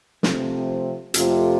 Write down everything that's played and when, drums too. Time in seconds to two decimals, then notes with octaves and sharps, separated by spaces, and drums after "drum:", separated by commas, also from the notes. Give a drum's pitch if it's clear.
0.23 C3 F3 A3 C4, drum: snare
1.14 F2 C3 A3 F4, drum: hi-hat